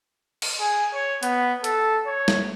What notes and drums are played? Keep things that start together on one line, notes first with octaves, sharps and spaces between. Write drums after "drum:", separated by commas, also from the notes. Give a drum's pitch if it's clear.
drum: cymbal
G#4
C#5
B3, drum: hi-hat
A4, drum: hi-hat
C#5
drum: snare